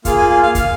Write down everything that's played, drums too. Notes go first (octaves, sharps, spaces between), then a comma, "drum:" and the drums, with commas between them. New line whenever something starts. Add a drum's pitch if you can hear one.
A#3 F4 G#4 F5, drum: kick, hi-hat
G#5
F5
F5
F5, drum: kick, hi-hat